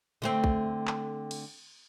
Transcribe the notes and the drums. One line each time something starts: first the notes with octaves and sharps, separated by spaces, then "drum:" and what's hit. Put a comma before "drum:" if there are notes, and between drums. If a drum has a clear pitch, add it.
D3 A3 C4
drum: kick
drum: clap
drum: cymbal